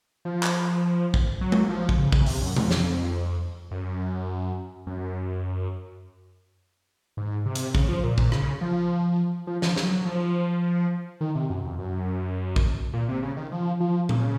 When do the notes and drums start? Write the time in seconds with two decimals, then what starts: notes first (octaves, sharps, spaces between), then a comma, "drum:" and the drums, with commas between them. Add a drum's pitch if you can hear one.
0.25 F3
0.43 drum: clap
1.14 drum: kick
1.41 F#3
1.52 drum: tom G#3
1.69 F3
1.89 drum: kick
1.98 C#3
2.12 C#3, drum: kick
2.26 C3, drum: open hi-hat
2.41 F#2
2.56 F2, drum: tom B2
2.71 drum: snare
3.71 F#2
4.87 F#2
7.17 G#2
7.46 C3
7.55 drum: hi-hat
7.75 C#3, drum: kick
7.89 F3
8.04 A#2
8.18 A#2, drum: kick
8.32 C#3, drum: rim click
8.61 F3
9.47 F3
9.62 F3, drum: snare
9.76 F#3, drum: snare
9.91 F#3
10.05 F3
11.21 D#3
11.35 C3
11.50 F#2
11.64 F2
11.79 F#2
12.56 drum: kick
12.94 A#2
13.09 C3
13.22 C#3
13.37 D#3
13.52 F3
13.80 F3
14.09 C#3, drum: tom A#2